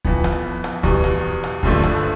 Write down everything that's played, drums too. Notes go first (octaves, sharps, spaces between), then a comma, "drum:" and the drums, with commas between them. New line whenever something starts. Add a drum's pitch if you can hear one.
F2 E3 B3, drum: kick D2
drum: rim click
drum: rim click
E2 B2 G3, drum: kick D2
drum: rim click
drum: rim click
G2 D3 F3 A3 D4, drum: kick D2
drum: rim click